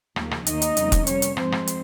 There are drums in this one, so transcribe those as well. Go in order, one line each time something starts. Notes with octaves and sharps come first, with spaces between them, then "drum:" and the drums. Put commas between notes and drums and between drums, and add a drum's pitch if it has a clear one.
D#2 C#3 F3 A#3, drum: rim click
drum: rim click
D#2 D#3 A#3 D#4 D#5, drum: hi-hat
drum: hi-hat
F2 C#3 G3 A#3, drum: hi-hat
drum: kick, hi-hat
C3 G3 A#3 C#4 C#5, drum: hi-hat
drum: hi-hat
G#2 F3 G#3 C4 C5, drum: rim click
drum: rim click
drum: hi-hat